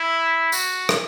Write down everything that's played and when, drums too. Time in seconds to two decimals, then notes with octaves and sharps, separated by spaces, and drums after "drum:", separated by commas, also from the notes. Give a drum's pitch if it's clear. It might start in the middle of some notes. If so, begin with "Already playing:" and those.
Already playing: E4
0.52 F#4, drum: tambourine
0.89 drum: rim click